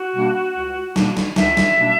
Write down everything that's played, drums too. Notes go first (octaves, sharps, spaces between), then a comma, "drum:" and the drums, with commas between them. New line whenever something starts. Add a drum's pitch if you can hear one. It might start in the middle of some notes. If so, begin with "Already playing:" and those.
Already playing: F#4
B2 G3 A#3 D4
C#2
B2 G3 A#3 D4, drum: snare
drum: snare
C#2 E5, drum: snare
drum: snare
B2 G3 A#3 D4